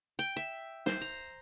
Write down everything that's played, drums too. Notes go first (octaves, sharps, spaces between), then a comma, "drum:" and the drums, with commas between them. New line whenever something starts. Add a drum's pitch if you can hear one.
G5
E5
C5, drum: snare
A#5